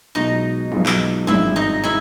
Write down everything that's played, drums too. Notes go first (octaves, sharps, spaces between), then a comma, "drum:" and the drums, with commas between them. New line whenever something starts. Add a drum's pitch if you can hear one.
B1 B2 G#3 B3 D#4 D#5
B1 B2 G#3 B3, drum: tom
drum: clap
G#1 G2 D#3 G#3 C4 E4 E5, drum: tom
D#4 D#5
D#3 G#3 C4 E4 E5